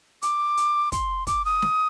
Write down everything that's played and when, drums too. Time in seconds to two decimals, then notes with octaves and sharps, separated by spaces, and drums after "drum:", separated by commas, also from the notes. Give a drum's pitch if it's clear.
0.22 D6, drum: hi-hat
0.57 drum: hi-hat
0.92 C6, drum: kick, hi-hat
1.27 D6, drum: kick, hi-hat
1.45 D#6
1.62 drum: snare